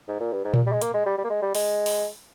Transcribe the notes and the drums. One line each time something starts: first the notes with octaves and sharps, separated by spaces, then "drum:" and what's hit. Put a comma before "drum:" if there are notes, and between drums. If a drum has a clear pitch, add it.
G#2
A#2
G2
G#2
A#2, drum: tom A#2
G3
G#3
A#3, drum: hi-hat
G#3
G3
G3
A#3
G#3
G3
G#3, drum: open hi-hat
drum: open hi-hat